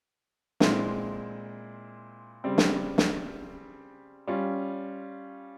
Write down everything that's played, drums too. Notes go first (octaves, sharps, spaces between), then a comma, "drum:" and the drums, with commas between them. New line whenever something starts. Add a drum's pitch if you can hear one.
A#2 G#3 C4 E4, drum: snare
C#3 G3 C4
drum: snare
drum: snare
G3 C#4 F4